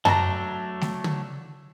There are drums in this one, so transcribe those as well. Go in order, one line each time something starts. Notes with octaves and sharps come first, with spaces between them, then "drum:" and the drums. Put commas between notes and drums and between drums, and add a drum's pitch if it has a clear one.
F#3 A3 D4 A5 A#5, drum: tom F#2
drum: snare A3
drum: tom